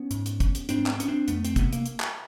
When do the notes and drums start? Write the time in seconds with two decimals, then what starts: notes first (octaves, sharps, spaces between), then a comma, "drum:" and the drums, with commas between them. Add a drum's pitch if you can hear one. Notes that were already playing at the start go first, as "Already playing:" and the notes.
Already playing: B3 C#4
0.11 G#2, drum: hi-hat
0.26 drum: hi-hat
0.40 drum: kick, hi-hat
0.55 drum: hi-hat
0.69 G#2 C4 D4, drum: hi-hat
0.86 B3, drum: clap
0.93 C4
1.00 C#4, drum: hi-hat
1.08 C4 D4
1.28 F2 A3 B3, drum: hi-hat
1.45 C4, drum: hi-hat
1.56 C3 B3, drum: kick, hi-hat
1.73 A#3, drum: hi-hat
1.86 drum: hi-hat
2.00 drum: clap